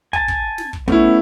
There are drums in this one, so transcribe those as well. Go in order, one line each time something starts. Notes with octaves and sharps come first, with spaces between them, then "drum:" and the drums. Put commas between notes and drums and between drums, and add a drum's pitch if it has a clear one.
G#5 A5, drum: kick
drum: kick
drum: snare
drum: kick
A3 B3 C#4 E4, drum: kick